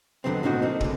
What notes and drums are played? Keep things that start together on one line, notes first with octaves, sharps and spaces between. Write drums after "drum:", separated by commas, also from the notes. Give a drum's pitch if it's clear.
D#2 G#2 D3 F#3 B3 C4
B1 A2 D4 D#4 F#4
A#3 C4 D#4
C#2 D3, drum: kick